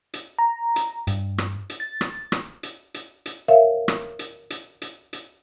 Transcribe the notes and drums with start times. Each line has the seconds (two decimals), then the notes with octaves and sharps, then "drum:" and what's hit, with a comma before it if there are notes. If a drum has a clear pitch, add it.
0.14 drum: hi-hat
0.39 A#5
0.76 drum: hi-hat
1.07 G2, drum: hi-hat
1.38 drum: rim click
1.70 drum: hi-hat
1.80 A6
2.01 drum: rim click
2.32 drum: rim click
2.63 drum: hi-hat
2.94 drum: hi-hat
3.26 drum: hi-hat
3.48 A#4 C5 C#5 E5 F5
3.88 drum: rim click
4.19 drum: hi-hat
4.50 drum: hi-hat
4.82 drum: hi-hat
5.13 drum: hi-hat